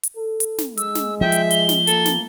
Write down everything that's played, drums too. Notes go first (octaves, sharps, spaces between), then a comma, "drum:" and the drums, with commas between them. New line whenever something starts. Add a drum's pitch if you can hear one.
drum: hi-hat
A4
drum: hi-hat
drum: snare
G#3 E6, drum: hi-hat
drum: snare
F3 E5 G5
drum: hi-hat
G7, drum: hi-hat
drum: snare
A#3 A4, drum: hi-hat
drum: snare